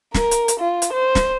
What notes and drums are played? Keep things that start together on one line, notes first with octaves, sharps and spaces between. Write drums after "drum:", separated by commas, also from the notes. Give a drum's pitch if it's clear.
A#4, drum: snare
drum: hi-hat
drum: hi-hat
F4
drum: hi-hat
C5
drum: snare